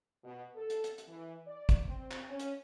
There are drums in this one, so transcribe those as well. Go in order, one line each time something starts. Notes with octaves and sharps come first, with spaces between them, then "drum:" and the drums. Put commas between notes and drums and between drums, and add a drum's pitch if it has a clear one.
B2
A4
drum: hi-hat
drum: hi-hat
drum: hi-hat
E3
D5
drum: kick, hi-hat
C4
drum: clap
C#4
drum: hi-hat